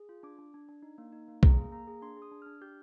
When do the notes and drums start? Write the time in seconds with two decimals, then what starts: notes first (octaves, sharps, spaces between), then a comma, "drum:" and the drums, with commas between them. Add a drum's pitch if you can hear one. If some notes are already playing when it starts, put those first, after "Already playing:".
Already playing: G#4
0.09 F4
0.23 D4 D6
0.38 D4
0.54 D4
0.69 D4
0.83 D#4
0.98 A#3
1.13 D#4
1.28 A#3
1.43 G#4 A#5, drum: kick B1
1.57 A#3
1.72 A#3 A#5
1.87 G#4
2.02 D4 C6
2.17 G#4
2.22 D#6
2.31 D4
2.42 F6
2.46 D4
2.61 G4 G6